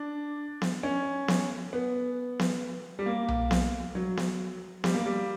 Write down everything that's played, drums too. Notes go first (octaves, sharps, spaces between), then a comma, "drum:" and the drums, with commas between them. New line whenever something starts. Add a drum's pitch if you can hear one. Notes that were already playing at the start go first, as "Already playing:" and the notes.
Already playing: D4
drum: snare B3
C#4
drum: snare B3
B3
drum: snare B3
G3
A#3
drum: tom B1
drum: snare B3
F#3
drum: snare B3
G3, drum: snare B3
A#3
G3